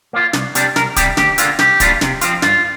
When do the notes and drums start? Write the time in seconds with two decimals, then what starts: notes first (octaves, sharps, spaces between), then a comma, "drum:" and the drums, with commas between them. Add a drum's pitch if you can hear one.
0.13 A#3 F4
0.33 C2, drum: snare
0.55 C3 G3 D4, drum: hi-hat
0.76 C2 A#4, drum: snare
0.97 C3 G3 G4, drum: kick, hi-hat
1.17 D2 G4, drum: snare
1.38 D3 A#3 F4, drum: hi-hat
1.59 C2 G4, drum: snare
1.80 A#2 G3 D4 F4, drum: kick, hi-hat
2.01 C3, drum: snare
2.21 F3 C4 F4, drum: hi-hat
2.42 G2 F4, drum: snare